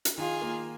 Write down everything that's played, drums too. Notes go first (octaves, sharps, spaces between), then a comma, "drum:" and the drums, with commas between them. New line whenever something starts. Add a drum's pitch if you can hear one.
drum: hi-hat
D#3 F4 G#4
A#3